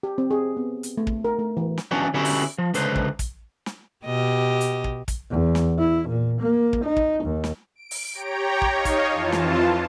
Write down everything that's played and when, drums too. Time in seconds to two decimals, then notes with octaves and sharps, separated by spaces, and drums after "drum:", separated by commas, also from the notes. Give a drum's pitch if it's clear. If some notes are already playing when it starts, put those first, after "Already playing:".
0.03 G4
0.18 C4
0.31 G#4
0.57 B3
0.83 drum: hi-hat
0.97 A3
1.07 drum: kick
1.25 A#4
1.39 A3
1.57 E3
1.78 drum: snare
1.91 E3 C#4 D4 F#4
2.14 D3 B3 C#4 E4 F#4 G4
2.25 drum: open hi-hat
2.58 F3
2.74 C#2 D3 B4 C5, drum: hi-hat
2.96 drum: kick
3.19 drum: kick, hi-hat
3.66 drum: snare
4.05 B2 G4 D#5
4.61 drum: hi-hat
4.84 drum: kick
5.08 drum: kick, hi-hat
5.30 E2
5.55 drum: snare
5.79 E4
6.08 A#2
6.41 A#3
6.73 drum: kick
6.84 D#4
6.96 drum: kick
7.23 D#2
7.44 drum: snare
7.75 D7
7.91 drum: open hi-hat
8.13 G4 C#5 G5 A#5
8.62 drum: kick
8.72 D#4 C#5 D#5 F5
8.85 drum: kick, hi-hat
9.08 F2 E3 F4 A5
9.32 drum: snare